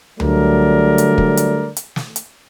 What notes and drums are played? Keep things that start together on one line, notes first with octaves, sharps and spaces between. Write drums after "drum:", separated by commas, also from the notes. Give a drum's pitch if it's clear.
D3 F#3 G3 A3 A#4 D5, drum: tom C#2
drum: hi-hat
drum: kick
drum: hi-hat
drum: hi-hat
drum: snare
drum: hi-hat